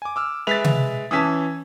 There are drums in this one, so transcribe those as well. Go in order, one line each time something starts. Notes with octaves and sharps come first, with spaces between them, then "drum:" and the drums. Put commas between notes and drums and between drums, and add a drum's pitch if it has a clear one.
G#5 D6
D6 E6 F6
G#3 B4 E5 A6 B6 F7
drum: tom C3
E3 C#4 A5 D#6 E6 B6